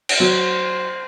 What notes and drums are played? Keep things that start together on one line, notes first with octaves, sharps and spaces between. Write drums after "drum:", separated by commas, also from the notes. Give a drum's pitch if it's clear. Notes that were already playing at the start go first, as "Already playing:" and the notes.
drum: cymbal
F#3 C5